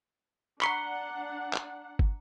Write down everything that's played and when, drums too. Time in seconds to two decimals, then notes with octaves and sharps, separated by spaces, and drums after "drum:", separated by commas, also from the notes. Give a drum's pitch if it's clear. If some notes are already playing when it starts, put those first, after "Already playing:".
0.61 D4 F#5 A#5 B5 C#6 C7 C#7 G7, drum: clap
1.53 drum: clap
1.99 drum: kick